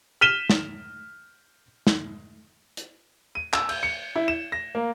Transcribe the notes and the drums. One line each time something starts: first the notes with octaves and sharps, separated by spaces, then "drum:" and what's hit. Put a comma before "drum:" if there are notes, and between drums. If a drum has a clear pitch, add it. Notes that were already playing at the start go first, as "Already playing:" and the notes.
F6 B6 D#7 E7 G7
drum: snare
drum: snare
drum: hi-hat
D#7
E6, drum: clap
G6, drum: cymbal
C#7
E4
E7
A#6
A#3